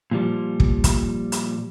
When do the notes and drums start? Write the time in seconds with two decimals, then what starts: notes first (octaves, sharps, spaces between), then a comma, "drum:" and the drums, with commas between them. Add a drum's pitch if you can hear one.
0.11 A#2 F3 G3
0.60 drum: kick
0.84 drum: kick, hi-hat
1.32 drum: hi-hat